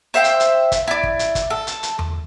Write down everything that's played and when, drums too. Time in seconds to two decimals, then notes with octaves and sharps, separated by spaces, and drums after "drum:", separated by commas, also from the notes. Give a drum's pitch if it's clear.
0.14 C5 E5 F5 G5
0.24 drum: hi-hat
0.40 drum: hi-hat
0.72 drum: kick, hi-hat
0.88 E4 D5
1.03 drum: kick
1.19 drum: hi-hat
1.35 drum: kick, hi-hat
1.50 A4
1.67 drum: hi-hat
1.83 drum: hi-hat
1.99 drum: tom E2